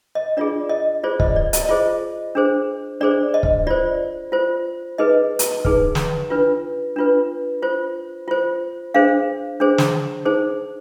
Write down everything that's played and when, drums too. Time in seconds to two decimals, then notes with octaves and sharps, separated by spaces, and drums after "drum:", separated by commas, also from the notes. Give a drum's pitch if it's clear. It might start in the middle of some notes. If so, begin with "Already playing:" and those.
0.15 D#5
0.37 D4 F4 G#4 D5
0.69 D#5
1.03 F4 G#4 C5 D5
1.20 D#5, drum: kick
1.36 D5
1.53 D#5, drum: hi-hat
1.69 F4 G#4 C5 D#5
2.35 D4 G#4 C5
3.01 D4 G#4 C5 D5
3.34 D#5
3.43 drum: kick
3.67 F4 C5 D5
4.32 F4 C5
4.98 D#4 G#4 B4 D#5
5.39 drum: hi-hat
5.65 D#4 G#4 B4, drum: kick
5.95 drum: snare
6.30 D4 F4 B4
6.96 D4 F4 B4
7.62 F4 C5
8.28 F4 C5
8.94 D4 G#4 C5 F5
9.60 D4 G#4 C5
9.78 drum: snare
10.25 D#4 G#4 C5